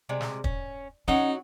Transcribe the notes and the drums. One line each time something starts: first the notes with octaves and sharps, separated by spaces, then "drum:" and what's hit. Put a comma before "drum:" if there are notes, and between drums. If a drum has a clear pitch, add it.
C3 G3 G#3
drum: snare
C#4, drum: kick
F#3 C#4 D#4 F#4 F#5